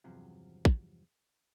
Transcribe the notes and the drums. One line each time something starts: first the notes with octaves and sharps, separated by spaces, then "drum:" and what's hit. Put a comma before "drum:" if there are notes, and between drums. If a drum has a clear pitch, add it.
E2 G2 C3 F3 F#3
drum: kick